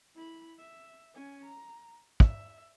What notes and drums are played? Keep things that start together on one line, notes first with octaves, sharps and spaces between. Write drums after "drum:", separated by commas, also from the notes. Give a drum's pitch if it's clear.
E4 B5
E5
C#4 G#5
A#5
E5, drum: kick